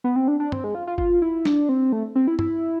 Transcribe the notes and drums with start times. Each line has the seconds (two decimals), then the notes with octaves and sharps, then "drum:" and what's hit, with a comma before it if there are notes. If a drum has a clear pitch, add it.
0.04 B3
0.16 C4
0.28 D4
0.40 D4
0.52 C4, drum: tom
0.64 G#3
0.75 F4
0.87 F4
0.98 F4, drum: kick G1
1.22 E4
1.45 D4, drum: snare
1.69 C4
1.92 A3
2.15 C4
2.27 E4
2.39 E4, drum: tom